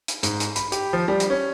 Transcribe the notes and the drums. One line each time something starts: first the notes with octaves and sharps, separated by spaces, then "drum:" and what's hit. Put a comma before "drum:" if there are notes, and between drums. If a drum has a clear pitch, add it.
drum: hi-hat
G#2, drum: hi-hat
drum: hi-hat
B5, drum: hi-hat
G4, drum: hi-hat
F3
G3
drum: hi-hat
C#4